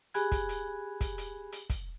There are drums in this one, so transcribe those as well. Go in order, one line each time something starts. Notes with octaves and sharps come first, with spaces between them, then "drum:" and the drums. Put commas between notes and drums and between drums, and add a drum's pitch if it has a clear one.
G4 G#4 G#5 B5 F#6 G#6, drum: hi-hat
drum: kick, hi-hat
drum: hi-hat
drum: kick, hi-hat
drum: hi-hat
drum: hi-hat
drum: kick, hi-hat